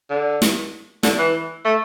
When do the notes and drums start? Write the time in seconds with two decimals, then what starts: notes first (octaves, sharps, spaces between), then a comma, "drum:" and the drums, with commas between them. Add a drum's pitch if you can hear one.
0.10 D3
0.42 drum: snare
1.03 D3, drum: snare
1.18 E3
1.65 A3